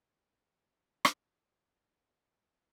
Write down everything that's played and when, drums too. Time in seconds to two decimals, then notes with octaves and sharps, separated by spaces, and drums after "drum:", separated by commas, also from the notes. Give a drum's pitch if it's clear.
0.15 A3 D#4
1.05 drum: rim click